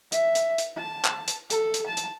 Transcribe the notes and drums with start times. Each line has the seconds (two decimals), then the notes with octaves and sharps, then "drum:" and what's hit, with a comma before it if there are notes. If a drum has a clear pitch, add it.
0.12 E5, drum: hi-hat
0.35 drum: hi-hat
0.58 drum: hi-hat
0.78 A5
1.05 drum: clap
1.28 drum: hi-hat
1.50 A4, drum: hi-hat
1.74 drum: hi-hat
1.87 A5
1.97 drum: hi-hat